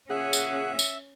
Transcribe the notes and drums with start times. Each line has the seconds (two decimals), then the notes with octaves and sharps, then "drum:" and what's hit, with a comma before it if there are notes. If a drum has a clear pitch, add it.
0.10 A#2 C#3 C#4 G#4 E5 F#5
0.33 drum: tambourine
0.79 drum: tambourine